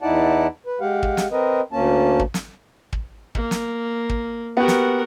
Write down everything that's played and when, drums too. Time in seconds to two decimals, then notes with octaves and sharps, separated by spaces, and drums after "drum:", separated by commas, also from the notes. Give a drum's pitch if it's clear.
0.02 E2 D#4 E4 D5 F#5 A5
0.66 B4
0.81 G#3 G4 F5 F#5
1.03 drum: kick
1.17 drum: snare
1.32 C4 A#4 B4 D#5
1.72 D2 A#3 C#4 A5
2.20 drum: kick
2.34 drum: snare
2.93 drum: kick
3.35 A#3, drum: kick
3.51 drum: snare
4.10 drum: kick
4.57 B3 F#4 G4 A#4
4.68 drum: snare